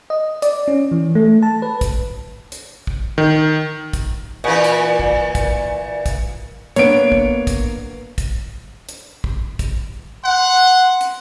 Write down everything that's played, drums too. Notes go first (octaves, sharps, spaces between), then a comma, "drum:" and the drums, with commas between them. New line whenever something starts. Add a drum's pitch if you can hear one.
D#5
D5, drum: hi-hat
C#4
E3
A3
A5
B4
drum: kick, hi-hat
drum: hi-hat
drum: kick
D#3
drum: kick, hi-hat
A#2 E3
drum: hi-hat
drum: kick
drum: kick, hi-hat
drum: kick, hi-hat
A#3 B3 D4 C#5 D7, drum: hi-hat
drum: kick
drum: kick, hi-hat
drum: kick, hi-hat
drum: hi-hat
drum: kick
drum: kick, hi-hat
F#5 C6
drum: hi-hat